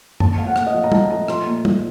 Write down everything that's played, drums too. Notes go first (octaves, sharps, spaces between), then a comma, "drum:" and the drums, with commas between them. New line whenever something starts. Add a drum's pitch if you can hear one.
A#2 A5, drum: tom F#2
A3 F5
F#5
A#2, drum: rim click
D#5
F3 F5
A#5
F3 A5, drum: tom
A3 A#5
F3 C6, drum: rim click
A#2
F3, drum: tom